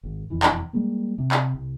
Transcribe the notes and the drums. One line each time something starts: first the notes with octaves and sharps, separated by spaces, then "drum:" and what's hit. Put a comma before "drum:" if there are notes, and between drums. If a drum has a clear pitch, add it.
G#1
E1 F2 E3
drum: clap
G3 G#3 A#3
C3
drum: clap
C2